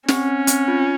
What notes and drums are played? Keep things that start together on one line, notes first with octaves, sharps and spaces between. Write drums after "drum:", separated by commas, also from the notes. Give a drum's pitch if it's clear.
C4 C#4, drum: snare
C4, drum: hi-hat
F4